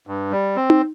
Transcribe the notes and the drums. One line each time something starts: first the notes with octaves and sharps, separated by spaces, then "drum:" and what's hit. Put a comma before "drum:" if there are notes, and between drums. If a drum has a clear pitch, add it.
G2
G3
C4
drum: tom D#4